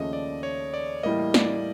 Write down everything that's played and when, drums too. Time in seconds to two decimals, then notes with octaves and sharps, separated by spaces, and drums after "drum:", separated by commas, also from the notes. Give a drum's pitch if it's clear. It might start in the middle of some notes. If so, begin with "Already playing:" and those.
Already playing: D#2 C#3 F3 A3 C#4 D#5
0.13 D5
0.43 C#5
0.74 D5
1.03 A2 E3 G3 A#3 D#5
1.34 D5, drum: snare